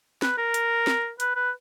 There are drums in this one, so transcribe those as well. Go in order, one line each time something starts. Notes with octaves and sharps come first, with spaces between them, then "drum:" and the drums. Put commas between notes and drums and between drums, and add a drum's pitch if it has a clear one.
B4, drum: snare
A#4
drum: hi-hat
drum: snare
B4, drum: hi-hat
B4